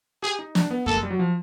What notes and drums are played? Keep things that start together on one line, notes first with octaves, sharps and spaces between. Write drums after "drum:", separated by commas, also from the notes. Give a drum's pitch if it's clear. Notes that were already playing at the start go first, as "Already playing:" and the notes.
G4 G#4
D#4
D4, drum: snare
B3
A#3 A4, drum: kick F#2
G#3
G3
F#3
F3